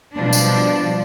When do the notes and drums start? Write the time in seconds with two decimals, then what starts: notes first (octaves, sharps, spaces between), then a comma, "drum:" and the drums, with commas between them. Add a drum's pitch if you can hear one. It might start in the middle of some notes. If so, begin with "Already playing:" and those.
0.17 B2 F3 G3 D4
0.33 drum: tambourine